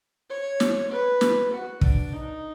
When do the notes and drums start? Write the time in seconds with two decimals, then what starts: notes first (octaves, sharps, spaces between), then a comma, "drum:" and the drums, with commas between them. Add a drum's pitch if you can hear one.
0.29 C#5
0.60 drum: snare
0.90 B4
1.21 drum: snare
1.51 F#4
1.81 D4, drum: kick
2.12 D#4